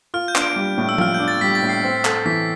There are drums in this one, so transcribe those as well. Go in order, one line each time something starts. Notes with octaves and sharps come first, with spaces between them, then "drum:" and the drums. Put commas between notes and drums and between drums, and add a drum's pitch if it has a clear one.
F4 F6
G6
D4, drum: clap
D7
G3
A2
E6
F4 F6, drum: tom F3
D4 G6
A6
G3 B6
A6
A2
C7
C4
A3, drum: clap
E3 B6